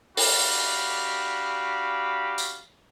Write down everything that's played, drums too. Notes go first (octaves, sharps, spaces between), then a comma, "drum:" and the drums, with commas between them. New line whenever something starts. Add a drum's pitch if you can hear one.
D4 F#4 G4 F5 B5, drum: open hi-hat
drum: tambourine